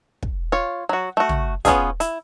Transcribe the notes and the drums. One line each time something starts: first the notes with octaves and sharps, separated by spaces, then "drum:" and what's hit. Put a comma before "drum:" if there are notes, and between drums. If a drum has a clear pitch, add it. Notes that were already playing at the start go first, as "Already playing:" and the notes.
drum: kick
F4 C#5
F#3 F#4
A3 F#4
drum: tom
B3 C#4 E4 F4 G#4, drum: kick, hi-hat
E4, drum: hi-hat